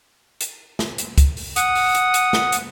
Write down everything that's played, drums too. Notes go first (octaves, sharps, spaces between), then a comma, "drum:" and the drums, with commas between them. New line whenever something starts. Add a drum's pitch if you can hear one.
drum: hi-hat
drum: snare
drum: hi-hat
drum: kick, hi-hat
drum: open hi-hat
F#5 D#6, drum: hi-hat
drum: open hi-hat
drum: hi-hat
drum: hi-hat
drum: snare
drum: hi-hat